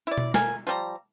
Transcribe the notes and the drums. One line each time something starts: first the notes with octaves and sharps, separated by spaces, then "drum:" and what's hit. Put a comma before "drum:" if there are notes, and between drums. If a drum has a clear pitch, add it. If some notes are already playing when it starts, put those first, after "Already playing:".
E4 D5
drum: tom B2
A#4 G#5, drum: snare
F3 G3 A#5